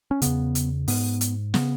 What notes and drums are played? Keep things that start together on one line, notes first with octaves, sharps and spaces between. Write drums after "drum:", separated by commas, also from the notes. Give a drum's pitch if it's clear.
C#4
E2 C#3 B3, drum: hi-hat
drum: hi-hat
G#2 B3, drum: open hi-hat
drum: hi-hat
C#3 B3, drum: snare